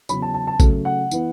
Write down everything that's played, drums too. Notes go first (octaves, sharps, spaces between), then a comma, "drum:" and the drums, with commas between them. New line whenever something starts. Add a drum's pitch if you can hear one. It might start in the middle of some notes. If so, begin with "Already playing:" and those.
E2 C#3 F#3 C#4 B5, drum: tambourine
A5
A5
A5
C#3 F#3 A3, drum: kick A1, tambourine
F#5
E3 B3 E4, drum: tambourine